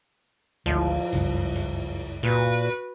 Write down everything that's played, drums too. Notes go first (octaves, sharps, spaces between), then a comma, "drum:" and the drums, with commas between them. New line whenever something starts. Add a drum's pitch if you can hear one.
G#1 D2 F3, drum: cymbal
F#1 C#2 G2, drum: hi-hat
drum: hi-hat
A#2 F#4 B4, drum: hi-hat